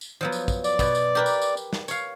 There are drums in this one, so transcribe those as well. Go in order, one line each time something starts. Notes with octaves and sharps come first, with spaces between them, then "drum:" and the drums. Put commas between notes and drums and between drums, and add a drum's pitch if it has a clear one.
drum: tambourine
F3 F#3 B3
drum: tambourine
drum: kick, tambourine
D5, drum: tambourine
B2 B3, drum: kick, tambourine
drum: tambourine
G4 A#4 B4
drum: tambourine
drum: tambourine
drum: tambourine
drum: snare
C#5 F5, drum: tambourine